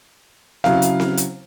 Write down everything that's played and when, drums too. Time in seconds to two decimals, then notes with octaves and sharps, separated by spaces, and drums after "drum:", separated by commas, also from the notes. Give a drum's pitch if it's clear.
0.64 C#3 F#3 E4 F5, drum: snare C4
0.82 drum: hi-hat
1.00 drum: snare C4
1.17 drum: hi-hat